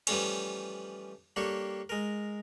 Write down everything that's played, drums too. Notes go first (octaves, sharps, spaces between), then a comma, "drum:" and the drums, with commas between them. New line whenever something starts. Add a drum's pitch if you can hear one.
E3 F3 G3 A3 C#4, drum: cymbal
G3 A#3 D4 G4 A4 C#5
G#3 A#4